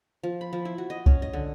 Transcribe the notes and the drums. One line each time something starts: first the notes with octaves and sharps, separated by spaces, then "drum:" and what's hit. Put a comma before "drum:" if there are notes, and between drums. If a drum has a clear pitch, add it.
F3
B5
F3
E4
F#4
D#5
C#4, drum: kick C2
D#5
D3